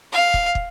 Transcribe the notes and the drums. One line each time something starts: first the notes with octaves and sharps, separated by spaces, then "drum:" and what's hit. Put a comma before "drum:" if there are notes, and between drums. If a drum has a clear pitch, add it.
F5
drum: kick
drum: kick